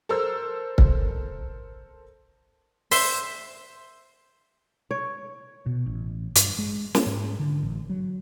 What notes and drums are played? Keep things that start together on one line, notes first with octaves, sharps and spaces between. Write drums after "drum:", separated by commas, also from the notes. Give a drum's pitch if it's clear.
A4 A#4 C5 E6
drum: kick
C5 E5 C6, drum: open hi-hat
C#5
B2
A1
G2, drum: hi-hat
G#3
A#3, drum: snare
G#2
D3
A1
F#3